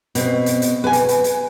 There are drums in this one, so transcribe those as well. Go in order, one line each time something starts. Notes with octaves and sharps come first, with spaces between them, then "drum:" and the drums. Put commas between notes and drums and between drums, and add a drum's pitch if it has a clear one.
B2 C4, drum: hi-hat
drum: hi-hat
drum: hi-hat
B4 G#5
drum: hi-hat
drum: hi-hat
drum: hi-hat